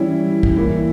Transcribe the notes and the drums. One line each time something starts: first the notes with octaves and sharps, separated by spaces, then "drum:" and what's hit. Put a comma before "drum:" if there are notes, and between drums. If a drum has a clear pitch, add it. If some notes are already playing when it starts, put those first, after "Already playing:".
Already playing: E3 G3 C#4 E4
drum: kick
E3 A#3 E4